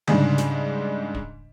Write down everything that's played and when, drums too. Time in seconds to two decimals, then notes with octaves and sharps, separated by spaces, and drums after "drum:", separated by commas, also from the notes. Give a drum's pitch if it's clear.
0.07 G#2 C#3 G3 G#3 D4 D#4, drum: tom D3
0.38 drum: snare
1.15 drum: kick